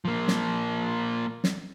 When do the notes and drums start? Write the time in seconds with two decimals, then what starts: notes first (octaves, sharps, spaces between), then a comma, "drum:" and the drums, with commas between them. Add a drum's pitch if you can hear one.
0.05 F3 A#3
0.28 drum: snare
1.44 drum: snare